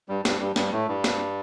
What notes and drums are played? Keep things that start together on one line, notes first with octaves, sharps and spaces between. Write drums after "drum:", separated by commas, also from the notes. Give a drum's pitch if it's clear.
G2 G3
G2 G3, drum: snare
G2 G3
G2 G3, drum: snare
A2 A3
G2 G3
drum: snare